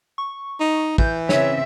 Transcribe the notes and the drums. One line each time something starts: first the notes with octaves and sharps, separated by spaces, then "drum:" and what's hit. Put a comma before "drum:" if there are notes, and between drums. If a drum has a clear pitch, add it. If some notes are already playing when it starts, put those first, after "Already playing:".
C#6
D#4
E3 G6, drum: kick
C#3 C4 C#5 E5, drum: snare